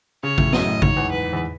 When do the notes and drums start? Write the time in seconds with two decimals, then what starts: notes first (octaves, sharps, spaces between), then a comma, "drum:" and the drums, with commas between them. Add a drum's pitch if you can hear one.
0.23 C#3 C#5
0.38 A2, drum: kick
0.53 F#2 D#5, drum: snare
0.67 A2
0.82 G#2 C#5, drum: kick
0.97 E2
1.11 B4
1.33 E2